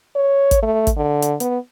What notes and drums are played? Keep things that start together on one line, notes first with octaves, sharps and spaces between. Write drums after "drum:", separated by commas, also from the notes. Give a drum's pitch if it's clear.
C#5
drum: kick, hi-hat
A3
drum: kick, hi-hat
D3
drum: hi-hat
B3, drum: hi-hat